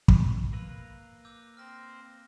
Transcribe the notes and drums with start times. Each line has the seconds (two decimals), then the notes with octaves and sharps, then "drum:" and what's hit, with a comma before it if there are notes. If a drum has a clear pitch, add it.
0.08 drum: kick
0.53 A#3 B4 E6
1.25 D6 E6 G6
1.57 C4 F6 A#6